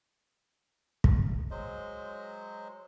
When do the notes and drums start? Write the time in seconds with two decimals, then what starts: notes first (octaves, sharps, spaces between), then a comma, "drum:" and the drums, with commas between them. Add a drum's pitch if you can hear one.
1.04 drum: kick
1.51 F#3 G#3 C5 D#5